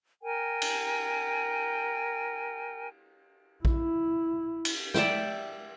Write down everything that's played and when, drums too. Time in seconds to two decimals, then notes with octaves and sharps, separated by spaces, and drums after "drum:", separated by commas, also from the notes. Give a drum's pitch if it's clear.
0.23 A#4 G5 G#5
0.62 drum: cymbal
3.65 E4, drum: kick A#1
4.65 drum: cymbal
4.94 D5 E5 F#5 G5, drum: snare